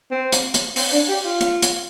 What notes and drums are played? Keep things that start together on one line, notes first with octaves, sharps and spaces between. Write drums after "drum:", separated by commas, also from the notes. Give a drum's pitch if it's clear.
C4
drum: hi-hat
drum: hi-hat
C4, drum: open hi-hat
D4
G4
F4
drum: hi-hat
drum: hi-hat